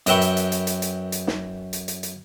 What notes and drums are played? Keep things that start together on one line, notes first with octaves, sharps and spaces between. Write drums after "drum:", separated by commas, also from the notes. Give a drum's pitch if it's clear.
F#2 A#4 B4 E5 G5 C#6, drum: hi-hat
drum: hi-hat
drum: hi-hat
drum: hi-hat
drum: hi-hat
drum: hi-hat
drum: hi-hat
drum: snare
drum: hi-hat
drum: hi-hat
drum: hi-hat